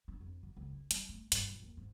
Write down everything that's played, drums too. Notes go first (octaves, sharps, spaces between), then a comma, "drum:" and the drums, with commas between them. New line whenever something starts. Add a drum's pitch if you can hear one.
D4
F2
D3
C#2
E4
G3, drum: hi-hat
A3
G2, drum: hi-hat
A#2
D#2
G#2